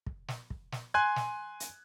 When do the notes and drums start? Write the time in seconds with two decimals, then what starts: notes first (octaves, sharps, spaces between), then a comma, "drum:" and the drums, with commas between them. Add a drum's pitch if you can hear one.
0.06 drum: kick
0.28 drum: snare
0.50 drum: kick
0.72 drum: snare
0.94 G#5 C6 F#6 G#6
1.16 drum: snare
1.60 drum: hi-hat